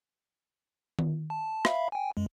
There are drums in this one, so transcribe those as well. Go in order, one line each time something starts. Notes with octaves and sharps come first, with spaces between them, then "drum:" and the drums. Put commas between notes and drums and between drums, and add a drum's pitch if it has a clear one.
drum: tom D#3
A5
E5 F5 B5, drum: rim click
G5 G#5
F#2 G#3